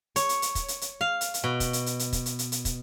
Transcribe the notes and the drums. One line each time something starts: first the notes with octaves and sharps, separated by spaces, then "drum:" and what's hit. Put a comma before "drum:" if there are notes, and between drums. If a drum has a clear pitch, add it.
C#5, drum: hi-hat
drum: hi-hat
drum: hi-hat
drum: kick, hi-hat
drum: hi-hat
drum: hi-hat
F5
drum: hi-hat
drum: hi-hat
B2
drum: kick, hi-hat
drum: hi-hat
drum: hi-hat
drum: hi-hat
drum: kick, hi-hat
drum: hi-hat
drum: hi-hat
drum: hi-hat
drum: kick, hi-hat